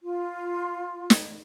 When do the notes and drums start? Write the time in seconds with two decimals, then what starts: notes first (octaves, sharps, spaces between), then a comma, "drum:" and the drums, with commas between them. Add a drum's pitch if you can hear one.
0.04 F4
1.10 drum: snare